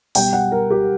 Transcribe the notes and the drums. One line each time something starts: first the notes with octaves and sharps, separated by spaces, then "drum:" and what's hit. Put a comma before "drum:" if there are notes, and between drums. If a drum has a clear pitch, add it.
B2 G3 G5, drum: open hi-hat
F#5
A#4
G4